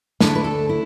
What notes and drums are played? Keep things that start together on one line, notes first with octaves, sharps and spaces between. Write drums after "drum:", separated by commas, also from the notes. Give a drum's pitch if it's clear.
D2 D3 A3 D4 E4, drum: snare
B4
A4
E4